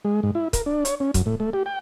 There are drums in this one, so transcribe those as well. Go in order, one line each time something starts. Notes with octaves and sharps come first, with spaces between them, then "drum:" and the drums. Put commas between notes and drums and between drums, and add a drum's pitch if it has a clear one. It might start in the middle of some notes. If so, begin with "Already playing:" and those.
G#3
G#2
E4
A#4, drum: kick, hi-hat
D4
C#5, drum: hi-hat
C#4
F#2, drum: kick, hi-hat
A2
A3
G4
G5